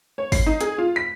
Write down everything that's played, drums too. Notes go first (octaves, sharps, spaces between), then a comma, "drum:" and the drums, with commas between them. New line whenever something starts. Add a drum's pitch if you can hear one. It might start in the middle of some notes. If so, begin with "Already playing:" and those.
C#5
C7, drum: kick, open hi-hat
D#4
G#4, drum: hi-hat
F4
B6